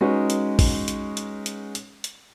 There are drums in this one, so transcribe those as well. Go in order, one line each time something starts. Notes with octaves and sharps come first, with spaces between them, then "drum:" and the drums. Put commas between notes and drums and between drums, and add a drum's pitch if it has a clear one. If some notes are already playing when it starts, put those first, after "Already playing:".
G#3 C#4 D#4 F#4 B4
drum: hi-hat
drum: kick, open hi-hat
drum: hi-hat
drum: hi-hat
drum: hi-hat
drum: hi-hat
drum: hi-hat